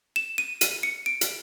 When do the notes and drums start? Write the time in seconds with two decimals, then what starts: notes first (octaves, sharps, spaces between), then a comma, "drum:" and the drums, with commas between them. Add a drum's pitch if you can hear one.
0.16 E7
0.38 D#7
0.61 D#7, drum: hi-hat
0.83 C#7
1.06 D7
1.21 drum: hi-hat